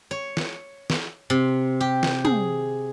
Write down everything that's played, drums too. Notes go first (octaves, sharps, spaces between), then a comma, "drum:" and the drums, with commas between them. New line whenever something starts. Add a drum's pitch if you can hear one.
C#5
drum: snare
drum: snare
C3
G4
drum: snare
G#4, drum: tom